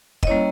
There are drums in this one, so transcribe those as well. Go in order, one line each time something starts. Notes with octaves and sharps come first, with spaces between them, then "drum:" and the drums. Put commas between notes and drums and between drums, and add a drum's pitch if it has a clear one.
D#5, drum: kick
G3 A#3 C#4 E4 C#5